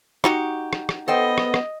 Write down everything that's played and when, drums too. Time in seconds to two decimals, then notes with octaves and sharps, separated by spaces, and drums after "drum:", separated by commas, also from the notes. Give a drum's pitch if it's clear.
0.24 D#4 F#4 G4, drum: rim click
0.73 drum: rim click
0.89 drum: rim click
1.08 B3 A4 C5 D#5 G5
1.38 drum: rim click
1.54 drum: rim click